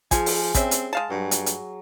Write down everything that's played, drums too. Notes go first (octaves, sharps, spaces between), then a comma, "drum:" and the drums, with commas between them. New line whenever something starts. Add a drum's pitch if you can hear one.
F3 G#4 G#5, drum: kick, hi-hat
drum: open hi-hat
G3 C4 C#4 E5, drum: kick, hi-hat
drum: hi-hat
G#3 F5 A5
G2 F#3
drum: hi-hat
drum: hi-hat